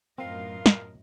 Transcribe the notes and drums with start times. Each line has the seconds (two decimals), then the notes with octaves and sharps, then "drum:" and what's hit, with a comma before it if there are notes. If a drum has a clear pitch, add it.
0.18 F#2 A2 B3 C4 F4 A#4 D#5 F5
0.66 drum: snare